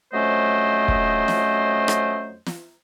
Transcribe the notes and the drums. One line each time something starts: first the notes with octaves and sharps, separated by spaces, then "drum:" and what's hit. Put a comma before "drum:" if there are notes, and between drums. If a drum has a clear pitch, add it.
F2 F#3 A3 C#4 C5 D#5
drum: kick
drum: snare
drum: rim click
drum: snare